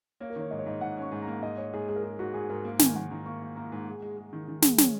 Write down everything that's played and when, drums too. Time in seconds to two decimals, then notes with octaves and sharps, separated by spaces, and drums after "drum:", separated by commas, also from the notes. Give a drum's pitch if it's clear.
0.20 A#3 C#5
0.30 A#4
0.36 D#3 C#5
0.51 G#2 D#5
0.59 C#5
0.66 G#2 D#5
0.81 G#2 F#5
0.97 C#4
1.02 C#6
1.11 G#2
1.22 A#3 A#5
1.42 G#2 D#5
1.58 G#2 C#5
1.73 G#2 G#4
1.89 G#3 G#4
1.96 A#4
2.04 G#3 G#4
2.19 G#2 F#4
2.34 G#2 G#4
2.50 G#2 A#4
2.64 A#3
2.79 D#3 G#5, drum: snare
2.95 D#3 F#5
3.11 D#3 A#5
3.26 A#3 C#6
3.41 A#3
3.56 A#3 A#5
3.72 G#2
3.87 G#3
4.02 G#3
4.17 G#3
4.33 D#3
4.48 D#3
4.62 G#3, drum: snare
4.78 C#4, drum: snare